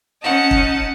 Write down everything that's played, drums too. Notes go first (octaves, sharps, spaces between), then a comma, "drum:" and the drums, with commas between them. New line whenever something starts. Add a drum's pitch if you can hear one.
C#4 D#4 F#5 A5
drum: kick